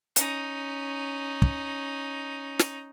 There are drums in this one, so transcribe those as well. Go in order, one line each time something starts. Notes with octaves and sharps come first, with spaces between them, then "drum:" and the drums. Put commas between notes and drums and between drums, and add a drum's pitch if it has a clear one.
C#4 D#4, drum: hi-hat
drum: kick
drum: snare